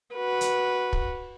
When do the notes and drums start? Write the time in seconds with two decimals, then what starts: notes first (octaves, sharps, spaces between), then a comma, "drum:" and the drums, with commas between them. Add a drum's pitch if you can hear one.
0.15 F#4 B4
0.41 drum: hi-hat
0.93 drum: kick